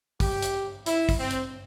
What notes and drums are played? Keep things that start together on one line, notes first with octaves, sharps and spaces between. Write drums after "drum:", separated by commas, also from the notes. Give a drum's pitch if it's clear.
G4, drum: kick, open hi-hat
drum: hi-hat
E4, drum: hi-hat
drum: kick, open hi-hat
C4
drum: hi-hat